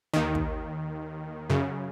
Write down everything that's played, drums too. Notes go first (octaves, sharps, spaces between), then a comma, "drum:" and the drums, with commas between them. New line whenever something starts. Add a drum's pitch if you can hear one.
D#2 D#3
drum: kick
F#2 C#3